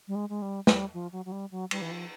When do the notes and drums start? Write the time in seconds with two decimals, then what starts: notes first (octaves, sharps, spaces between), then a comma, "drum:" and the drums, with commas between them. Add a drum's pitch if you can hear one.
0.08 G3
0.15 G#3
0.29 G#3
0.42 G3
0.67 G3, drum: snare
0.94 F3
1.12 F#3
1.25 F#3
1.32 G3
1.51 F#3
1.71 G3, drum: cymbal
1.82 E3
1.91 F3